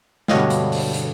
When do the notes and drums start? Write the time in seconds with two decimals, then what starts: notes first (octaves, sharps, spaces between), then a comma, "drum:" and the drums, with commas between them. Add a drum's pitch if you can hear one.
0.28 G2 B2 D3 C#5 D#5 F5, drum: snare
0.50 drum: hi-hat
0.72 drum: open hi-hat
0.94 drum: hi-hat